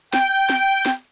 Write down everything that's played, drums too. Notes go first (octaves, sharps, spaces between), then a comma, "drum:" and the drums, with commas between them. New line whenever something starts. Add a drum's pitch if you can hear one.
G5, drum: snare
drum: snare
drum: snare